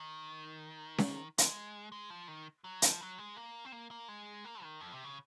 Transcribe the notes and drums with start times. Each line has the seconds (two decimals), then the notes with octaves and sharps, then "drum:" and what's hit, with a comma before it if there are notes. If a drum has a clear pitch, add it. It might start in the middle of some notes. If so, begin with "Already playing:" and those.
Already playing: D#3
0.98 drum: snare C#4
1.38 G#3, drum: hi-hat
1.92 G#3
2.10 F3
2.28 D#3
2.64 F#3
2.82 F3, drum: hi-hat
3.01 F#3
3.18 G#3
3.36 A#3
3.65 C4
3.72 A#3
3.91 A#3
4.08 G#3
4.45 A#3
4.63 D#3
4.80 F2
4.93 C3
5.04 C#3